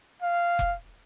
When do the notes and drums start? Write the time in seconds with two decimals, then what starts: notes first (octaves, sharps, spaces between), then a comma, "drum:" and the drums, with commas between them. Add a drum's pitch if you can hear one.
0.22 F5
0.59 drum: kick F1